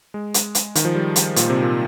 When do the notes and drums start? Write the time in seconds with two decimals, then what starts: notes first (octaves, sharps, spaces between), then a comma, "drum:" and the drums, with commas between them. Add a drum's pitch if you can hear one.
0.14 G#3
0.34 drum: hi-hat
0.55 drum: hi-hat
0.75 D#3, drum: hi-hat
0.85 F3
0.95 G3
1.16 drum: hi-hat
1.36 A#2, drum: hi-hat
1.50 C3
1.62 A#2